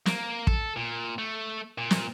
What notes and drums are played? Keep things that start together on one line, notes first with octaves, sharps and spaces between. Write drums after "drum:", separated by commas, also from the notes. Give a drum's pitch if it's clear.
A#3, drum: snare
A4, drum: kick
A#2
A3
A#2
drum: snare